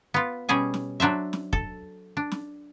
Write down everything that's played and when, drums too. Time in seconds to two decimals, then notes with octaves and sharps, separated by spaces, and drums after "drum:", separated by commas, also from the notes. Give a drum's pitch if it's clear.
0.14 B3 F4
0.49 B2 G3 C#4 G#4 G#5
0.74 drum: snare
1.00 F#3 D4 C5 E5
1.33 drum: snare
1.53 A4, drum: kick
2.17 D4
2.32 drum: snare